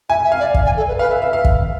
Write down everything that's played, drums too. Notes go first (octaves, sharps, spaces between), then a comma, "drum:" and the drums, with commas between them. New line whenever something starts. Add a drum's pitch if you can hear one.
E5 G#5
E5
F5
D5
drum: kick
G#5
A4
B4
B4 F5
E5
E5
F5
drum: kick